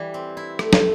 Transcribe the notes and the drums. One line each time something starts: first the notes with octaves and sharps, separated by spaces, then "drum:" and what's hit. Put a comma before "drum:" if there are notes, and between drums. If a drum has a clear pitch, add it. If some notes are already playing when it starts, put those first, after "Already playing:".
Already playing: E3 G3
C4
E4
A3, drum: rim click
drum: snare